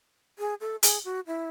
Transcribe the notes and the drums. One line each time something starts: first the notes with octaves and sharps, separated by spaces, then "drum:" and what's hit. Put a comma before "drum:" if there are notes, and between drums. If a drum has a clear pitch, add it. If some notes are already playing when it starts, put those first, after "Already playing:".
G#4
A4
G#4, drum: hi-hat
F#4
E4